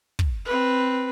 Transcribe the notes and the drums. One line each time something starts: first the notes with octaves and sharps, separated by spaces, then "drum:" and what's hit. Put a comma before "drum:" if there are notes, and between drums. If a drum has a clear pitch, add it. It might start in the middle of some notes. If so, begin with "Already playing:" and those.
drum: kick
C4 B4